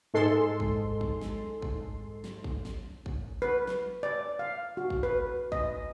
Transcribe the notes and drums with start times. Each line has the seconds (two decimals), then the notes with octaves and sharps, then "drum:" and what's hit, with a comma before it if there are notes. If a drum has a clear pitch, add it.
0.14 G#2 G#3 A4 C6
0.60 drum: kick
1.01 drum: kick
1.21 drum: snare
1.62 drum: kick
2.24 drum: snare
2.44 drum: kick
2.65 drum: snare
3.06 drum: kick
3.42 B4
3.67 drum: snare
4.03 D5
4.39 F5
4.77 F#4
4.90 drum: kick
5.03 B4
5.52 D#5, drum: kick